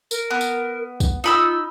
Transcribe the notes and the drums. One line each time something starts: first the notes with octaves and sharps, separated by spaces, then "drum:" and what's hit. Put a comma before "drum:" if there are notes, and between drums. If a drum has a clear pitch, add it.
A#4, drum: tambourine
B3
drum: tambourine
drum: kick, tambourine
D#4 F4 B5 E6